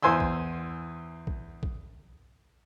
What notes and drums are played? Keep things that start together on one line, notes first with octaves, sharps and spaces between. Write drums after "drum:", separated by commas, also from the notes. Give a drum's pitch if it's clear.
E2 C5 G#5 C6 E6
drum: kick A#1
drum: kick A#1
drum: kick A#1